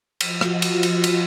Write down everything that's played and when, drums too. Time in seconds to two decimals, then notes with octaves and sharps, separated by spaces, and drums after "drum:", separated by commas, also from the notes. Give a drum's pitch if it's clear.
0.21 F3 F4 F#4 D#5, drum: cymbal
0.41 drum: rim click
0.62 drum: cymbal
0.83 drum: cymbal
1.04 drum: cymbal